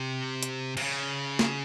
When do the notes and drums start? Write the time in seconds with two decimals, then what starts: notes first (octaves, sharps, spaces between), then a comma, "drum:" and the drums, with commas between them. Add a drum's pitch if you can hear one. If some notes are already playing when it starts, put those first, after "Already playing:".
Already playing: C3
0.43 drum: hi-hat
0.77 C3, drum: cymbal
0.83 C#3
1.39 drum: snare